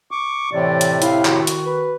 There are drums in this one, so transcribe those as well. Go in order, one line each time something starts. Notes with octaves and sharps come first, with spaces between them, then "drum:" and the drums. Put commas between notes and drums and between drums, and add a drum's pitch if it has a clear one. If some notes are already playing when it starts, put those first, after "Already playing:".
C#6 D6
A2 C3 E3 C#5 D5
drum: hi-hat
E4 F5, drum: hi-hat
D#3 F#4, drum: clap
drum: hi-hat
B4